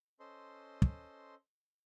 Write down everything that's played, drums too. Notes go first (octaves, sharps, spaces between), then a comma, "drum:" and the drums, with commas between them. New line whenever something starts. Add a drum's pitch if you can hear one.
C#4 A4 C5 D#5 C6
drum: kick